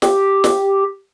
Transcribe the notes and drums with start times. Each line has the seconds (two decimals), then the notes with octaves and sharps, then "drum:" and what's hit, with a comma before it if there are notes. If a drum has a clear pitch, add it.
0.02 G4, drum: snare
0.44 drum: snare